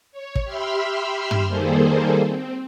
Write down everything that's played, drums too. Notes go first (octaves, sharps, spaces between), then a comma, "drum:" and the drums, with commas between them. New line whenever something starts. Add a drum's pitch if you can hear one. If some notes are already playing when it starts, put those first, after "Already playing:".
C#5
drum: kick
G4 E5 B5 C6 E6 F6
drum: tom
D#3 G3 A#3 G#4 A4 C5
C4